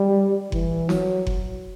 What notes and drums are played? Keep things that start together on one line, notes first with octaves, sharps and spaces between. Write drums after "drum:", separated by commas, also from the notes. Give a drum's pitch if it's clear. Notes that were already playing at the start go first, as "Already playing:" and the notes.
Already playing: G3
E3, drum: kick F#1
F#3, drum: snare
drum: kick F#1